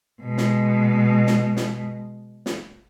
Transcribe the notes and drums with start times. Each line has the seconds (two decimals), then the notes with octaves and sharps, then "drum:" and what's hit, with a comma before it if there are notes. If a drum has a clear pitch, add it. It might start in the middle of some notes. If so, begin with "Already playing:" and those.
0.23 B2 G#3
0.38 drum: snare
1.27 drum: snare
1.57 drum: snare
2.46 drum: snare